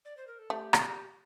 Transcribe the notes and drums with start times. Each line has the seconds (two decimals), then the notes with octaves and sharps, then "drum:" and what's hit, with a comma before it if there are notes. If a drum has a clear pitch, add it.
0.05 D5
0.17 C5
0.27 A#4
0.39 A4
0.50 A3 G4
0.73 drum: rim click